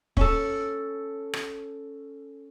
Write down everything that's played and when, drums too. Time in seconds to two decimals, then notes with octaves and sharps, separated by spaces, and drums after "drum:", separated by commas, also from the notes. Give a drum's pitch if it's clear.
0.17 C#4 A4, drum: kick
1.33 drum: rim click